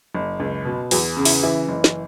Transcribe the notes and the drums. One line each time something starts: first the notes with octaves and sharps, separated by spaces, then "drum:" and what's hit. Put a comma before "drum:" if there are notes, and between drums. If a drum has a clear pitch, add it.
F#1
C#2
B2
E2 F#3, drum: open hi-hat
C#3
E4, drum: open hi-hat
E3 E4
F#1
drum: snare